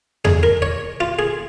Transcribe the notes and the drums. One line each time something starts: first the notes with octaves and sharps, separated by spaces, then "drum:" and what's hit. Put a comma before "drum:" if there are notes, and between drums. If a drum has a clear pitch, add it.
G#4, drum: tom E2
A#4
C#5
F4
G#4